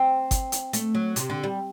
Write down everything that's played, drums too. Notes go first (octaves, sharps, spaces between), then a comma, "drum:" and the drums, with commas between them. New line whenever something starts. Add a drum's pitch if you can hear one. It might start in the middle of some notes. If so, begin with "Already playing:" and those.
Already playing: C4
drum: kick G1, hi-hat
drum: hi-hat
A3, drum: hi-hat
F#3
C3, drum: hi-hat
D3
G3